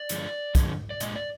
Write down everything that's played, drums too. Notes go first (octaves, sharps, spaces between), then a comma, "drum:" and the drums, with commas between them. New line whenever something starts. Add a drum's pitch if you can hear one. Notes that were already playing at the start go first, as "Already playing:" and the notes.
Already playing: D5
G2 D3 F3 G#3, drum: hi-hat
G2 D3 F3 G#3, drum: kick, hi-hat
D5
A#2 G#3 D#5, drum: hi-hat
D5